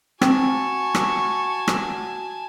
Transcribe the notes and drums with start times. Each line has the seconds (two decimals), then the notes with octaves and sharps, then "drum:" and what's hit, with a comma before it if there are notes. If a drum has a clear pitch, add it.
0.22 C4 F#4 G#5 A5 C#6, drum: rim click
0.95 drum: rim click
1.68 drum: rim click